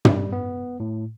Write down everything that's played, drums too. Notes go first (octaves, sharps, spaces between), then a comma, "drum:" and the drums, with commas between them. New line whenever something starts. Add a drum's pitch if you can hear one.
G3, drum: tom
B3
A2